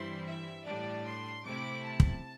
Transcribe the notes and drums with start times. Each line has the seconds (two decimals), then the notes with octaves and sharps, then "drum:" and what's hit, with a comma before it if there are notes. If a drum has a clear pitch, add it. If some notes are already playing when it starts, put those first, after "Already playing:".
Already playing: G2 E3 G3 C4 E4 C6
0.25 E5
0.64 A2 G3 D4 D5
1.04 C6
1.43 C3 A3 E4 D6
1.83 A5
2.00 drum: kick